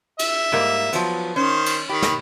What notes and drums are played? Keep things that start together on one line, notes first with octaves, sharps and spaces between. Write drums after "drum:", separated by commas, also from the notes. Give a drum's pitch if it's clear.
E5, drum: cymbal
G#2 G3 A#3
F3 F#3 B3, drum: cymbal
D#3 C#4 C5
drum: cymbal
D#3 G4 B5
drum: snare